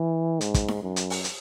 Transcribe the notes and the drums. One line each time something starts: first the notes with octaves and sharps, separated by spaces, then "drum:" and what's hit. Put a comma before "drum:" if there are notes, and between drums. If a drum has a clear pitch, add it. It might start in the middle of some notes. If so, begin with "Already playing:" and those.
Already playing: E3
G#2, drum: hi-hat
drum: kick, hi-hat
drum: snare D#4
F#2
drum: hi-hat
drum: open hi-hat
drum: hi-hat